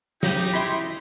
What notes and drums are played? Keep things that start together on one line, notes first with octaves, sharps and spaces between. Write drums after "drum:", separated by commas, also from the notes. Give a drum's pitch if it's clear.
D#4 G4, drum: snare
E4 E5 G5 B5 C6